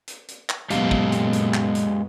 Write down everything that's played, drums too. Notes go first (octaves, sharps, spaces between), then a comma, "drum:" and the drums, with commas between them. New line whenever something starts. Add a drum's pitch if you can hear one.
drum: hi-hat
drum: hi-hat
drum: clap
F#2 A#2 G#3 B3 G4 F5, drum: hi-hat
drum: kick
drum: hi-hat
drum: hi-hat
drum: clap
drum: hi-hat